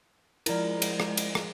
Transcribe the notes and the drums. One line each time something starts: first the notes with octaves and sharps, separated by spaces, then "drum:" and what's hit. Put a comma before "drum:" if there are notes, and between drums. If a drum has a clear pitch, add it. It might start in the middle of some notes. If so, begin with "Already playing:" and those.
F3 G#3 E4 A#4 D5, drum: cymbal
drum: cymbal
drum: rim click
drum: cymbal
drum: rim click